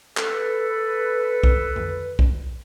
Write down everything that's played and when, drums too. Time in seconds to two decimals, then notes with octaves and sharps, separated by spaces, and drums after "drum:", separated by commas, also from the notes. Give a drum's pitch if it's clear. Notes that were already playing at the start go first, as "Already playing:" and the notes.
0.17 A4 B4, drum: clap
1.43 drum: kick B1
1.76 drum: tom F2
2.19 drum: kick B1